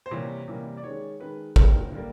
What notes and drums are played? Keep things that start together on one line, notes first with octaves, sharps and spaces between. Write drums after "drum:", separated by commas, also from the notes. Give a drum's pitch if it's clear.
C5
C3 E3 G3 A#3 C#5
C3 E3 G3 A#3
D5
D#3 G#3 C#5
D#3 G#3 B4
D3 G3 A#3 A#4, drum: kick
D3 G3 A#3